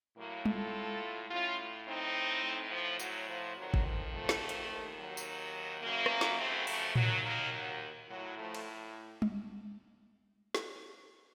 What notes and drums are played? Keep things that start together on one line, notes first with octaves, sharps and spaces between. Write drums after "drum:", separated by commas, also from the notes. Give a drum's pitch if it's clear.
A2 F#3 A#3
F4 A4, drum: tom G3
A2 C#4 F4
C4 D#4
A2
F3
F#3, drum: tambourine
F3
F2 D#3 F#3
drum: kick G#1
F3
F3 A3
drum: snare
drum: hi-hat
D#2 D#3
F#3
drum: tambourine
F#2 C#3 F#3 A#3
drum: rim click
drum: snare
A3 C4
F3 A3, drum: open hi-hat
D#2 D#3 F#3, drum: tom A2
F#3 A#3
F#3
A2 F#3
F3 A3
drum: cymbal
drum: tom G3
drum: snare